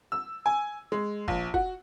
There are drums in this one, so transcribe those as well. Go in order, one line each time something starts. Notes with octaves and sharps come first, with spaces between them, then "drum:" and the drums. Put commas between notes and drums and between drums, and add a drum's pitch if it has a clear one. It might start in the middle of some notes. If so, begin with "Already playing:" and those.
E6
G#5
G#3
A#1, drum: kick F1
F#4, drum: kick F1